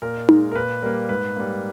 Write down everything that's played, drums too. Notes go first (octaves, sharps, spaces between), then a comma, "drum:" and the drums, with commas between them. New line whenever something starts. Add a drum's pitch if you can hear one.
A#2 A#4
G#3, drum: tom D#4
A#4
A#2 B4
G3 A#3 A#4
G#2 B4
G3 A#3